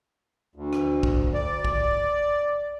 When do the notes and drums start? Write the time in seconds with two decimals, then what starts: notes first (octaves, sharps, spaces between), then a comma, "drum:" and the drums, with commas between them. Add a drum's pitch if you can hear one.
0.56 D2
0.73 drum: rim click
1.03 drum: kick
1.34 D5
1.65 drum: kick